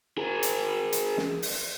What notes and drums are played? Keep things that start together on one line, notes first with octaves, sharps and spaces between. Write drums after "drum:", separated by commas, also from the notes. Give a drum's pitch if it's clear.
G#4 A#4
drum: hi-hat
drum: hi-hat
drum: snare
drum: open hi-hat